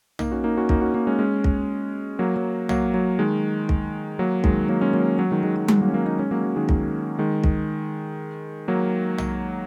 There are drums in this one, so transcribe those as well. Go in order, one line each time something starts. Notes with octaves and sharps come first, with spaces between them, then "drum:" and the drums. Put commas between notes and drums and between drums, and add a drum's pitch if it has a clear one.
A#3 D#4, drum: tom
C#4 F#4
A#3 D#4
C#4 F#4
A#3 D#4, drum: kick
C#4 F#4
A#3 D#4
G#3 C#4
G#3 C#4
drum: kick
F#3 A#3
F#3
F#3 A#3, drum: tom
F#3
D#3 G#3
drum: kick
F#3 A#3
D#3 G#3, drum: kick
F#3 A#3
G#3 C#4
F#3 A#3
F#3
D#3 G#3
D#3 G#3
F#3
D#3 G#3, drum: tom G3
F#3 A#3
C#4
F#3 A#3
A#3 D#4
G#3 C#4
F#3 A#3
F#3
D#3 G#3
drum: kick
D#3 G#3
drum: kick
F#3 A#3
drum: tom